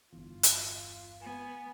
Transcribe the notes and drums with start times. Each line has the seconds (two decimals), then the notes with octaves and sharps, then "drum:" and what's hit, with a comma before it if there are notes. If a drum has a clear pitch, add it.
0.13 G1 E2 F4
0.43 drum: hi-hat
1.21 B3 G#5